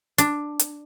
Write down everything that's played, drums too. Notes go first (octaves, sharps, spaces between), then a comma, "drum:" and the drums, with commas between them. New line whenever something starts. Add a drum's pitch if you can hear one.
D4, drum: hi-hat
drum: hi-hat